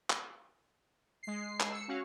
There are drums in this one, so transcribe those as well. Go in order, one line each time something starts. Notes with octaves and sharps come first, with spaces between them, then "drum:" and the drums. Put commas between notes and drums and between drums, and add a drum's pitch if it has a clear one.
drum: clap
G#3 C7
drum: clap
E6 C#7
C#4 F#4 F5